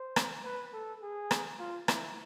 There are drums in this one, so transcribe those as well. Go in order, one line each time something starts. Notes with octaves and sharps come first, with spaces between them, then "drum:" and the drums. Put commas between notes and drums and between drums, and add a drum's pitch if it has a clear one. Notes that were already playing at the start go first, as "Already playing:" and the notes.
Already playing: C5
drum: rim click
B4
A4
G#4
drum: rim click
F4
E4, drum: rim click